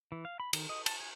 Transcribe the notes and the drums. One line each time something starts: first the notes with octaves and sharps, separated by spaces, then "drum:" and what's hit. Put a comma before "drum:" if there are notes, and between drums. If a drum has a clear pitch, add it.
E3
F5
B5
D#3, drum: cymbal
D#5
A5, drum: cymbal
G#5